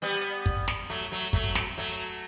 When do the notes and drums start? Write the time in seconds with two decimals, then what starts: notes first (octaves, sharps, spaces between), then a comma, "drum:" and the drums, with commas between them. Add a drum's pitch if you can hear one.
0.02 G3 B3
0.46 drum: kick
0.68 drum: snare
0.89 F#3 A3
1.12 F#3 A3
1.33 F#3 A3, drum: kick
1.55 drum: snare
1.77 F#3 A3